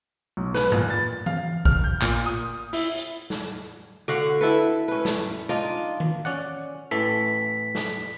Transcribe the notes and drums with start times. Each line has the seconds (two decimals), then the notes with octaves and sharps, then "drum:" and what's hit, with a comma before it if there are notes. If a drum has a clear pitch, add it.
0.37 B1
0.54 B4, drum: snare
0.72 A#2, drum: tom G2
0.90 A6
1.26 F5, drum: tom E3
1.65 F6, drum: kick G#1
1.84 G6
2.02 A#2, drum: clap
2.26 D#6
2.73 E4, drum: open hi-hat
2.98 drum: hi-hat
3.30 drum: snare
4.08 D3 F#4 F5 F#5
4.41 E4 A4 B4
4.88 C#4 B4
5.05 drum: snare
5.49 D4 D#4 F4
6.00 drum: tom D#3
6.25 C#4 D5 F#5
6.91 A1 E3 A4 B6
7.75 drum: snare